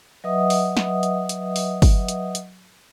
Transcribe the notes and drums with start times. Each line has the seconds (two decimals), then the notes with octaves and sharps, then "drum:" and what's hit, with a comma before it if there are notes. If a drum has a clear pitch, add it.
0.24 F#3 B4 D#5 E5 F#5 D#6
0.50 drum: open hi-hat
0.77 drum: snare
1.03 drum: hi-hat
1.29 drum: hi-hat
1.56 drum: open hi-hat
1.82 drum: kick G1, open hi-hat
2.08 drum: hi-hat
2.35 drum: hi-hat